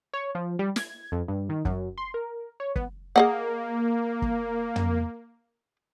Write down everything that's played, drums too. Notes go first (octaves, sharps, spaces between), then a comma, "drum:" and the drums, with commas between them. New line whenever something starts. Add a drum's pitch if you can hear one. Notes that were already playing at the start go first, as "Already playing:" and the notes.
C#5
F3
G3
G#6, drum: snare
F2
G2
D#3
F#2, drum: kick
C6
A#4
C#5
B3, drum: kick
A#3 G#4 D#5 F#5
drum: kick
drum: tom